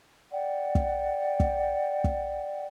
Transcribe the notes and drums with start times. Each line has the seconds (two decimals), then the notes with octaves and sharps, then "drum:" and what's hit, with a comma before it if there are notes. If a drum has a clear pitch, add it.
0.32 D5 F#5 G5
0.75 drum: kick
1.40 drum: kick
2.04 drum: kick